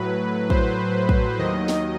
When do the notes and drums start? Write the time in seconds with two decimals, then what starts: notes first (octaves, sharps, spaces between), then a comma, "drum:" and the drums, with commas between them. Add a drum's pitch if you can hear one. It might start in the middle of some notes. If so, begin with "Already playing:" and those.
Already playing: A2 F#3 B4
0.50 C5, drum: kick
1.09 drum: kick
1.39 D#2 D#3 F#3 D#5
1.68 drum: snare